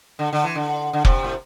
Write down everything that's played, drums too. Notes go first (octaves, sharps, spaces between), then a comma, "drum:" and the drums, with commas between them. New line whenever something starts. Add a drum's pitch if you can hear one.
D3
D3
E3
D3
D3
C3, drum: kick F1
A2